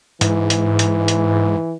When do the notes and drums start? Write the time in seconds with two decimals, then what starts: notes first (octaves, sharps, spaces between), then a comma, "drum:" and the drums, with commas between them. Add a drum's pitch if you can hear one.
0.21 G#2 E3, drum: hi-hat
0.50 drum: hi-hat
0.79 drum: hi-hat
1.08 drum: hi-hat